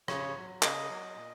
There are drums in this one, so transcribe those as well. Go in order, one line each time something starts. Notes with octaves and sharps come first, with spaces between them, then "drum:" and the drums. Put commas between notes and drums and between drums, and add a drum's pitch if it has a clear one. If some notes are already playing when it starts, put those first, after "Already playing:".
C#3 C#5, drum: rim click
F#3
C#3 D#5, drum: clap
F#3
A#2